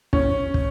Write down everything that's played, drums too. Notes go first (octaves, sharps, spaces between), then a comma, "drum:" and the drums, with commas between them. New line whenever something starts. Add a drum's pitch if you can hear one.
C#4, drum: kick
drum: kick